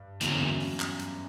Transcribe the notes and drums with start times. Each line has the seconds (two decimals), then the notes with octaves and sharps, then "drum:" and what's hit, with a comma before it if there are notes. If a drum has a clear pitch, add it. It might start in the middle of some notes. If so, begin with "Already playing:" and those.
Already playing: G2
0.21 E2 D3 F#3 A#3 E4, drum: hi-hat
0.29 F#2
0.38 E2
0.60 drum: open hi-hat
0.80 drum: clap
1.00 drum: hi-hat